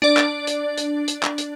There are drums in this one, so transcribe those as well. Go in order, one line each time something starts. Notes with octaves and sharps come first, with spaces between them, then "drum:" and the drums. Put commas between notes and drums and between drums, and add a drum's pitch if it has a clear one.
D4 D5
drum: clap
drum: hi-hat
drum: hi-hat
drum: hi-hat
drum: clap
drum: hi-hat